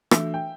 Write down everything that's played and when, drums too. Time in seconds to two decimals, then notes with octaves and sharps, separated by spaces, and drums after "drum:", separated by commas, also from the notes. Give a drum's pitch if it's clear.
0.11 E3 A3 D4 F#4 A4 E5, drum: rim click
0.34 G5